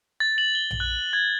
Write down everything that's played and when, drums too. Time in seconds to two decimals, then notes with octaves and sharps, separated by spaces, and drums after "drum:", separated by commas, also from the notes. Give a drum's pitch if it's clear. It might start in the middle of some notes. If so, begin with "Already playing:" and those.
0.20 A6
0.38 F#7
0.55 G7
0.71 drum: tom A#1
0.80 F#6
1.13 G#6